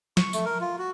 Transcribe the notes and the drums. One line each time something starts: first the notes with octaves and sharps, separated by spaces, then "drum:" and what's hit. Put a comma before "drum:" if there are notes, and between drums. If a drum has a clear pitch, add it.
C#6, drum: snare
A3, drum: tambourine
A#4
F4
F#4